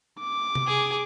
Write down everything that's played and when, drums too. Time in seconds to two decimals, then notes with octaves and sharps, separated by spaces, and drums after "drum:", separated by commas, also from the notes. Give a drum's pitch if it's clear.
0.20 D6
0.55 drum: tom C3
0.67 G#4